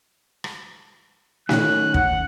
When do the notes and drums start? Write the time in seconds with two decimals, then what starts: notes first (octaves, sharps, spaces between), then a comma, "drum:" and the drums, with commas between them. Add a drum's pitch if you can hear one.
0.44 drum: rim click
1.49 D#3 C#4 F#6, drum: snare
1.94 F#5, drum: kick